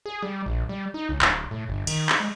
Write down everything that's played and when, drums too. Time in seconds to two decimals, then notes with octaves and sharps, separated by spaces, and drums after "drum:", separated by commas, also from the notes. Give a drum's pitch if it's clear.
0.06 G#4
0.23 G3
0.46 A#1
0.69 G3
0.94 D#4
1.09 C#2
1.22 D1, drum: clap
1.51 A2
1.69 G1
1.87 D#3, drum: cymbal
2.09 drum: clap
2.20 G#3